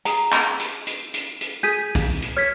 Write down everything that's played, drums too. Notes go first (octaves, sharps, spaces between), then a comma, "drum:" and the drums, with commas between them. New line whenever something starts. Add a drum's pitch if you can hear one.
G#4 A#5, drum: hi-hat
drum: clap
drum: hi-hat
drum: hi-hat
drum: hi-hat
drum: hi-hat
G#4 G6 B6 D#7
drum: kick, open hi-hat
drum: hi-hat
C#5 F6 G#6 B6